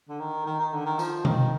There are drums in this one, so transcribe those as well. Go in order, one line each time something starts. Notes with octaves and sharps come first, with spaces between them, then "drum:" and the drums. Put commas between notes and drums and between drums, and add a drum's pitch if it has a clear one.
D3
D#3
D#3
D#3
D3
D#3
F3, drum: tambourine
D#3, drum: tom B2